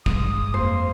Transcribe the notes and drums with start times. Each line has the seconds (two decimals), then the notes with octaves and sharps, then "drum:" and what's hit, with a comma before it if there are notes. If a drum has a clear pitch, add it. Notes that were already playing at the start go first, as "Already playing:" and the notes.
0.06 G2 G#3 D#6, drum: kick
0.54 F2 A#3 C5